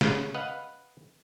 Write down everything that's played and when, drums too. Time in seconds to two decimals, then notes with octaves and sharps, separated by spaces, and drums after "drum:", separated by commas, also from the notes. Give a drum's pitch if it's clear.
0.01 C#3, drum: snare
0.34 B4 D#5 F5 F#5